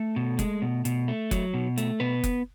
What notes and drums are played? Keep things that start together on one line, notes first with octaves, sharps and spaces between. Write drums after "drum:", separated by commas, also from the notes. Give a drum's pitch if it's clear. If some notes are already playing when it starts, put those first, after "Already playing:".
Already playing: A3 A4
B2
G#3, drum: kick F#1, hi-hat
B2
B2, drum: hi-hat
A3
F#3, drum: kick F#1, hi-hat
B2
A3, drum: hi-hat
B2 B3 B4
drum: kick F#1, hi-hat